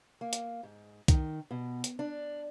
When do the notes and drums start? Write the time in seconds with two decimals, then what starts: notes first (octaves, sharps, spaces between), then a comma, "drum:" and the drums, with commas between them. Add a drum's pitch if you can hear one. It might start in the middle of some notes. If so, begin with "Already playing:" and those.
0.21 A#3
0.33 drum: hi-hat
0.63 G#2
1.08 D#3, drum: kick, hi-hat
1.51 B2
1.84 drum: hi-hat
1.99 D4